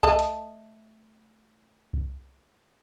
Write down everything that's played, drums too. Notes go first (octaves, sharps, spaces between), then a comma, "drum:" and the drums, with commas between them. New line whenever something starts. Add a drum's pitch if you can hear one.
A3 D#5 A5, drum: kick C2
drum: hi-hat
drum: kick C2